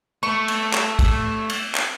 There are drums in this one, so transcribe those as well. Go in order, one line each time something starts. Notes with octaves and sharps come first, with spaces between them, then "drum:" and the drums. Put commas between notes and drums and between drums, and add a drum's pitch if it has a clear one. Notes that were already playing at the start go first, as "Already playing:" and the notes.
A3 C#6
drum: cymbal
drum: clap
drum: kick, cymbal
drum: cymbal
drum: clap